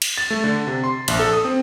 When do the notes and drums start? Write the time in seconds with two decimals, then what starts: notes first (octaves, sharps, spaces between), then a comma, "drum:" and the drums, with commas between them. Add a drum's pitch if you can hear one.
0.02 drum: cymbal
0.18 A6
0.31 A3
0.44 D3
0.67 C3
0.84 C6
1.08 A#1, drum: cymbal
1.19 A4
1.33 D#6
1.45 C4